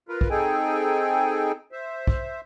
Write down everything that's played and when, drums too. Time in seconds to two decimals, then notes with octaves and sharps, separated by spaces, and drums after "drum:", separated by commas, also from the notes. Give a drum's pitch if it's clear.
0.09 F4 A#4 B4
0.21 drum: kick
0.30 C4 D#4 G#4 A4 G5 G#5
1.72 C5 E5
2.07 drum: kick